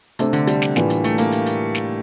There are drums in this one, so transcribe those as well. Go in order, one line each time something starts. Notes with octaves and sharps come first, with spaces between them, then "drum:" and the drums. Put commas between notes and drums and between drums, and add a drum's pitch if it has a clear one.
C3 A3 D4 A4 C5, drum: hi-hat
D3, drum: hi-hat
G3, drum: hi-hat
drum: snare
A2 E3 A#3 D4 F4, drum: snare
drum: hi-hat
A3, drum: hi-hat
A#3, drum: hi-hat
drum: hi-hat
drum: hi-hat
drum: snare